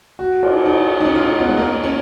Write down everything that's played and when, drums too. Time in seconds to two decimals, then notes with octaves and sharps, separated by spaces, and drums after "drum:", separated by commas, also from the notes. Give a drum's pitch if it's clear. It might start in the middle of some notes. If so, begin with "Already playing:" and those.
0.19 F#4
0.43 F4, drum: cymbal
0.66 D#4
1.00 D#4
1.05 C#4
1.15 F4
1.22 D#4
1.40 B3
1.48 G#3
1.58 A#3
1.84 C#4